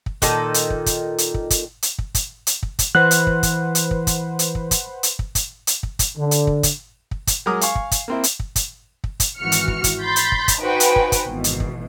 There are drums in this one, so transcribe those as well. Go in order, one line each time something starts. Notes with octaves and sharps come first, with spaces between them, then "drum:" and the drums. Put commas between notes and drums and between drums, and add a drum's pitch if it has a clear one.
drum: kick
A#2 D#3 A4, drum: kick, hi-hat
drum: hi-hat
drum: kick
drum: kick, hi-hat
drum: hi-hat
drum: kick
drum: kick, hi-hat
drum: hi-hat
drum: kick
drum: kick, hi-hat
drum: hi-hat
drum: kick
drum: kick, hi-hat
E3 B4 C5 F#5 F#6
drum: hi-hat
drum: kick
drum: kick, hi-hat
drum: hi-hat
drum: kick
drum: kick, hi-hat
drum: hi-hat
drum: kick
drum: kick, hi-hat
drum: hi-hat
drum: kick
drum: kick, hi-hat
drum: hi-hat
drum: kick
drum: kick, hi-hat
D3
drum: hi-hat
drum: kick
drum: kick, hi-hat
drum: kick
drum: kick, hi-hat
F#3 G#3 A#4 A#5 D6 D#6
F5 G#5 C#6, drum: hi-hat
drum: kick
drum: kick, hi-hat
A#3 C4 E4
drum: hi-hat
drum: kick
drum: kick, hi-hat
drum: kick
drum: kick, hi-hat
G#1 E3 F#4 F6 C#7
drum: hi-hat
drum: kick
drum: kick, hi-hat
B5 C6 G6 A6 B6
drum: hi-hat
drum: kick
drum: kick, hi-hat
D#4 F#4 B4 C5 G5 G#5
drum: hi-hat
drum: kick
drum: kick, hi-hat
G#1 B2 E3
drum: hi-hat
drum: kick